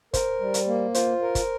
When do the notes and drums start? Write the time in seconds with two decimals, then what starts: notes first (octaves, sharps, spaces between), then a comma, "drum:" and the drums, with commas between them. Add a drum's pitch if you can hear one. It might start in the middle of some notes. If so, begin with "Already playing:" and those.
0.14 A#4 C5, drum: kick, hi-hat
0.40 G3
0.54 drum: hi-hat
0.67 A#3
0.94 F4 C5, drum: hi-hat
1.21 A#4
1.35 drum: kick, hi-hat